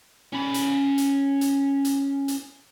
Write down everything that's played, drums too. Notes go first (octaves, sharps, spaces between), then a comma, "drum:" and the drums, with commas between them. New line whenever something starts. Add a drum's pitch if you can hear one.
C#4 B5
drum: hi-hat
drum: hi-hat
drum: hi-hat
drum: hi-hat
drum: hi-hat